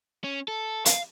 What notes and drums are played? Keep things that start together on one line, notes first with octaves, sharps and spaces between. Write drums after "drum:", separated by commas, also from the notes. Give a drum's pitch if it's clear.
C#4
A4
F5, drum: hi-hat